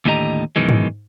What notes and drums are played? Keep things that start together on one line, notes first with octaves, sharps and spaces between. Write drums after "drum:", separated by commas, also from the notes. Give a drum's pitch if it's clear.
D#2 A2 D3 G4 D#5 A#5
F#2 B2 D#3 E3 G#3
drum: tom G#2